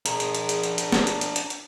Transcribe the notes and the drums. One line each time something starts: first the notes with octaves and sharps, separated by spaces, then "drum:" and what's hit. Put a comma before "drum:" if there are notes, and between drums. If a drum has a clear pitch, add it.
D4 G#4 A#4, drum: hi-hat
drum: hi-hat
drum: hi-hat
drum: hi-hat
drum: hi-hat
drum: hi-hat
drum: snare
drum: hi-hat
drum: hi-hat
drum: hi-hat
drum: hi-hat